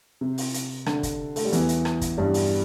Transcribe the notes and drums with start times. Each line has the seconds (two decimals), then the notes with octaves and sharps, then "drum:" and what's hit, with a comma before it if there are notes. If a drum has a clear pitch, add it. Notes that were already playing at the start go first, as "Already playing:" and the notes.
0.21 C3
0.38 drum: open hi-hat
0.54 drum: hi-hat
0.86 D3, drum: rim click
1.03 drum: kick, hi-hat
1.36 A3, drum: open hi-hat
1.45 G3
1.53 E2 E3, drum: hi-hat
1.69 drum: hi-hat
1.85 drum: rim click
2.01 drum: kick, hi-hat
2.18 G2 G3
2.34 drum: open hi-hat